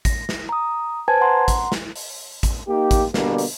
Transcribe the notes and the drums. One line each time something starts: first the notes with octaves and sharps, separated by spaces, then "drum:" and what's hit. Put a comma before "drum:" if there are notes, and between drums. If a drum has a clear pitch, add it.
A#6, drum: kick A1, hi-hat
drum: snare
A#5 D#6
B4 C5 G#5 A5 G#6
F#5 A#5 C6
drum: kick A1, hi-hat
drum: snare
drum: open hi-hat
drum: kick A1, hi-hat
A#3 D#4 G4
drum: kick A1, hi-hat
B2 D3 G3 A#3, drum: snare
drum: open hi-hat